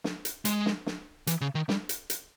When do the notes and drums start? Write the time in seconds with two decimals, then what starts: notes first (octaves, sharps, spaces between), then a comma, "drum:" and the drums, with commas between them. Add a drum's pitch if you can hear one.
0.04 drum: snare
0.25 drum: hi-hat
0.45 G#3, drum: hi-hat
0.66 drum: snare
0.86 drum: snare
1.27 E3, drum: hi-hat
1.41 C#3
1.55 D#3
1.69 G3, drum: snare
1.89 drum: hi-hat
2.10 drum: hi-hat